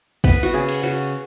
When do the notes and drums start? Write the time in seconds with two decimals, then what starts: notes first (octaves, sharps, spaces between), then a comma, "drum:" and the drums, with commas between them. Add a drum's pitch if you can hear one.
0.24 B3 B4, drum: kick, cymbal
0.43 F#4
0.54 C#3 G#4
0.68 drum: cymbal
0.83 C#3 F#4